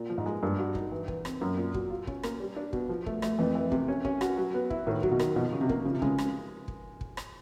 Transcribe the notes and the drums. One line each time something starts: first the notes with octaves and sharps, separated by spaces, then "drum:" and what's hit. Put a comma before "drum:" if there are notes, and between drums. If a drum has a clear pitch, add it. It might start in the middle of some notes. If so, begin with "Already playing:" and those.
Already playing: A#2
F3
G#2
G#3
G2 A#3
F#4
D#4, drum: kick
E3
E3, drum: kick
C4, drum: rim click
F#2 A#3
A#2
F#3, drum: kick
F4
C#4, drum: kick
A#3, drum: rim click
G3
D4
B2, drum: kick
F3
A3, drum: kick
A3, drum: rim click
F2 E3
E3
C3, drum: kick
C#4
C#4, drum: kick
F#4, drum: rim click
F#3
B3
E4, drum: kick
A2 D#3
F#3, drum: kick
B2
D#3, drum: rim click
B2 F3
C#3
C3
A#3, drum: kick
C#3 F3
C3
C#3 G#3, drum: kick
drum: rim click
drum: kick
drum: kick
drum: rim click